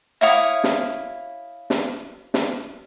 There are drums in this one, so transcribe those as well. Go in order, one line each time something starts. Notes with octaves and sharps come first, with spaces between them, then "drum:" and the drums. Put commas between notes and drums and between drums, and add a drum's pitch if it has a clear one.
E4 C#5 F5 D#6
drum: snare
drum: snare
drum: snare